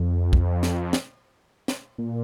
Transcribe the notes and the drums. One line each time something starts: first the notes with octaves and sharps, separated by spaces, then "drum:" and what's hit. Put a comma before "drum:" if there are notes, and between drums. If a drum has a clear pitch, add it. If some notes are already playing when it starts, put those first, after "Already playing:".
Already playing: F2
drum: kick
drum: snare
drum: snare
drum: snare
A#2